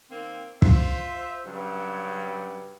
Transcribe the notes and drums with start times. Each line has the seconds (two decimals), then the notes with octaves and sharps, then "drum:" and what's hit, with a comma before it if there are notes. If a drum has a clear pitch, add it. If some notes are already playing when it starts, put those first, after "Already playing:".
0.11 D#3 A#3 C4
0.62 F4 C5 E5, drum: kick
1.46 G2 C#3 F#3